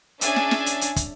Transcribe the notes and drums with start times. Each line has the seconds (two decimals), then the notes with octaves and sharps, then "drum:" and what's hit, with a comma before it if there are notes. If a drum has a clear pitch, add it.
0.21 C#4 D4 G#4 D5 E5 G#5, drum: hi-hat
0.36 drum: snare
0.51 drum: snare
0.66 drum: hi-hat
0.81 drum: hi-hat
0.96 drum: kick, hi-hat